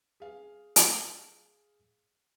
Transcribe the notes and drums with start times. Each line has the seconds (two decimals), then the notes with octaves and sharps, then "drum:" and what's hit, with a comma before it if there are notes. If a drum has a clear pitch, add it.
0.20 G#4 F5
0.76 drum: hi-hat